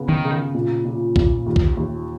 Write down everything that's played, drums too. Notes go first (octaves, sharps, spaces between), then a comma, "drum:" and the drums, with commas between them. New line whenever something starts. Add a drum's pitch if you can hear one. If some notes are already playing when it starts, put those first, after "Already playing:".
Already playing: C#3 B3
D#3
C#3
A#2
A#2
A#2, drum: kick B1
D#2
drum: kick B1
D#2